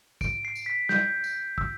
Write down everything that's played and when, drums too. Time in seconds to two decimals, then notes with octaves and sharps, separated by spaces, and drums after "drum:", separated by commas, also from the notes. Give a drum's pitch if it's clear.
0.21 D7, drum: kick, tambourine
0.45 C7
0.55 drum: tambourine
0.66 B6
0.89 G6, drum: snare
1.24 drum: tambourine
1.58 E6, drum: kick